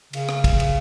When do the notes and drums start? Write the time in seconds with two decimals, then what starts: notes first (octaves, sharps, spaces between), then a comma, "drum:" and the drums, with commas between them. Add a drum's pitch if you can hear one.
0.13 C#3, drum: cymbal
0.29 drum: rim click
0.44 drum: kick, cymbal
0.60 drum: cymbal